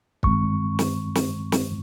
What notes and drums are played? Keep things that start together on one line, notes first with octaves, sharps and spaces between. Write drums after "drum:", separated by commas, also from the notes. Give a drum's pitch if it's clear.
G2 D#3 G#3 C4 C#6, drum: kick
drum: snare
drum: snare
drum: snare